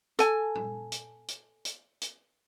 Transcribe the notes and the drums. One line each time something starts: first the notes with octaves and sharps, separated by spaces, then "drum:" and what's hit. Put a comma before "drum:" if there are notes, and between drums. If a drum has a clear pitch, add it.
A4 G#5, drum: hi-hat
drum: tom
drum: hi-hat
drum: hi-hat
drum: hi-hat
drum: hi-hat